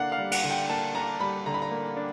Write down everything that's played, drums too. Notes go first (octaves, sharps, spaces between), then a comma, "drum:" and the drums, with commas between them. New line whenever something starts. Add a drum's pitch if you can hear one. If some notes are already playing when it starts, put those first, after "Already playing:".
Already playing: D3 A#3 D4 F5 F#5
F5
G3
F#5, drum: cymbal
D3
G5
A#3 A5
D4 A#5
G3 B5
D3 A#5
B5
A#5
A#3
D4